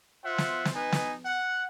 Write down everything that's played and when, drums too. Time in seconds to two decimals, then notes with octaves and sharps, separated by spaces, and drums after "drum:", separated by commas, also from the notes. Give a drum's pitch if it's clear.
0.25 F4 C5 E5 F#5
0.38 drum: snare
0.65 drum: snare
0.75 D#4 B4 D#5 G#5
0.92 drum: snare
1.26 F#5